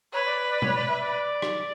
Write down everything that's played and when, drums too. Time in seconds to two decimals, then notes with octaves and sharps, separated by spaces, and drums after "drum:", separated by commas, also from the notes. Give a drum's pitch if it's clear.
0.13 B4 C#5
0.26 D5
0.50 D5
0.62 C#5, drum: tom B2
0.74 D5
0.88 E5
1.00 D5
1.42 drum: rim click